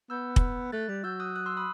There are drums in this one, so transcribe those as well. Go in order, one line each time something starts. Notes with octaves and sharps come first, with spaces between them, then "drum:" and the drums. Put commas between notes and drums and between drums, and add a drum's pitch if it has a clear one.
B3 E6 G6
drum: kick
A3 F#6 A6
G3
F#3 E6 G6
D#6 F#6
D#6 F#6
C6 E6
B5 D#6